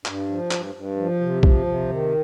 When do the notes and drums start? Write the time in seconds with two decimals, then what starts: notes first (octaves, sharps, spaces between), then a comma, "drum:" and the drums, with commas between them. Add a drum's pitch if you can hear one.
0.06 G2, drum: clap
0.29 F3
0.51 G2, drum: clap
0.75 G2
0.97 F3
1.21 C3
1.43 F3, drum: kick A#1
1.66 C3
1.89 D#3